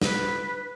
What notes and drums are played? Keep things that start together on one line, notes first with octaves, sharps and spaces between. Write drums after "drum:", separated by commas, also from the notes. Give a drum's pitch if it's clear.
B4, drum: snare